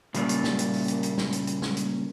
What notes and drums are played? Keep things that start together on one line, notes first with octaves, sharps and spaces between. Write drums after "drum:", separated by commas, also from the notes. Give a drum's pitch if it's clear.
A#2 C#3 G3 A#3 A#4 D5, drum: hi-hat
drum: hi-hat
drum: snare
drum: hi-hat
drum: open hi-hat
drum: hi-hat
drum: hi-hat
drum: snare
drum: hi-hat
drum: hi-hat
drum: snare
drum: hi-hat